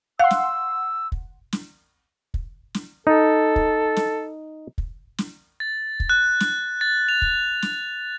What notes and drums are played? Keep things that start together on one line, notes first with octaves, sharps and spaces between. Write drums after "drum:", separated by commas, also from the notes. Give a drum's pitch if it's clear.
F5 F#5 C6 E6
drum: snare
drum: kick
drum: snare
drum: kick
drum: snare
D#4 A4
drum: kick
drum: snare
drum: kick
drum: snare
A6
drum: kick
F#6
drum: snare
A6
F7
drum: kick
drum: snare